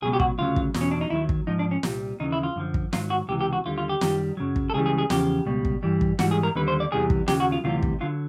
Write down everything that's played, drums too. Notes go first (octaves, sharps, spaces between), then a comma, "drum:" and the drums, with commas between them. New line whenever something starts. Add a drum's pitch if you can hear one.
C#2 B2 F#3 G#4
G4
F#4, drum: kick
D2 C#3 F#3 F4
drum: kick
E2 B2 F#3, drum: snare
C#4
D4
D#4
D#2 D#3 F#3 E4
drum: kick
G#2 F3 D#4
D4
C#4
C2 A#2 G3, drum: snare
D#2 C#3 E3 D#4
E4
F4
F#2 D3 F3
drum: kick
G#2 D#3 F#3 F4, drum: snare
F#4
C#2 C3 E3 G4
G4
F#4
D#2 D3 G3 F4
F4
G4
F#2 D#3 G3, drum: snare
F#2 C#3 F#3
drum: kick
A4
C#2 C#3 E3 G3 G#4
G#4
G#4
E2 C#3 F3 G4, drum: snare
C#2 B2 G3
drum: kick
G2 E3 G3
drum: kick
G#2 E3 G3 F#4, drum: snare
G#4
A#4
D#2 D3 G3 B4
C5
D5
E2 C3 E3 G3 G#4
drum: kick
D#2 C#3 F#3 G4, drum: snare
F#4
F4
D2 C3 E3 G3 F4
drum: kick
D3 F#3 F4